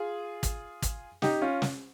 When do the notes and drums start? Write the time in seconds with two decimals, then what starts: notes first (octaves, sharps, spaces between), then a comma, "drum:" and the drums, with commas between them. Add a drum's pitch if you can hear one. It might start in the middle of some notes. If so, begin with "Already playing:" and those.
Already playing: F4 G#4
0.43 drum: kick, hi-hat
0.83 drum: kick, hi-hat
1.22 D#4 G4, drum: snare
1.42 C#4 F4
1.62 drum: snare